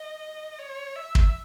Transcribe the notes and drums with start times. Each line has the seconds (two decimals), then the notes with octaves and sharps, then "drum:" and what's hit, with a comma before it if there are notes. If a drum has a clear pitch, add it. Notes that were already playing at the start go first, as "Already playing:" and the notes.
Already playing: D#5
0.59 C#5
0.96 E5
1.15 drum: kick